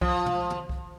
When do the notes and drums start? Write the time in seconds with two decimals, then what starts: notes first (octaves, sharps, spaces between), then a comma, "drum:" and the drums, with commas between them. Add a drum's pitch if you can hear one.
0.01 F3, drum: kick C2
0.26 drum: tom
0.50 drum: tom
0.69 drum: kick C2